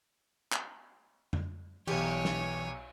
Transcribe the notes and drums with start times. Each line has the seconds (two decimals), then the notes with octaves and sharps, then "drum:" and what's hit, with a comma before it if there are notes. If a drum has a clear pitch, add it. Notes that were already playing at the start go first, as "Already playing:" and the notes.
0.52 drum: clap
1.33 drum: tom F2
1.87 B1 E3 G4 C#5 G#5, drum: cymbal
2.25 drum: snare